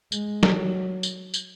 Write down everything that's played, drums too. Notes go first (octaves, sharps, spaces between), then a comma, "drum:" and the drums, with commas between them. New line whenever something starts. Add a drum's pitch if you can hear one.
G#3, drum: tambourine
F#3, drum: snare
drum: tambourine
drum: tambourine